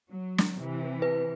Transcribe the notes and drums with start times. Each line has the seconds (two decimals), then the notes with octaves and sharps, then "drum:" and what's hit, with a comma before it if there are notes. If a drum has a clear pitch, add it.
0.10 F#3
0.38 drum: snare
0.58 C3 E3
1.02 B4